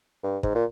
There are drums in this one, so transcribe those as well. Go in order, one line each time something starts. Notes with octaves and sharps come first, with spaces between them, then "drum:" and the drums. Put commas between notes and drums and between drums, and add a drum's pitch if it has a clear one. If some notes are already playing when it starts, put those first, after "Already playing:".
G2
G#2, drum: kick
A#2